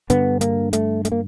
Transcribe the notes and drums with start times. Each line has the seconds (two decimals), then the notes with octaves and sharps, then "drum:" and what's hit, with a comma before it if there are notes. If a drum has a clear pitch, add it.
0.10 G2 D3 B3, drum: hi-hat
0.41 A#3, drum: hi-hat
0.73 A3, drum: hi-hat
1.05 A3, drum: hi-hat
1.12 A#3